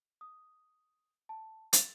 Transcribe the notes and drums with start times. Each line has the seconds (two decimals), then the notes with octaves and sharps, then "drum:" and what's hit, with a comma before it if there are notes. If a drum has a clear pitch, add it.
0.21 D#6
1.29 A5
1.73 A6, drum: hi-hat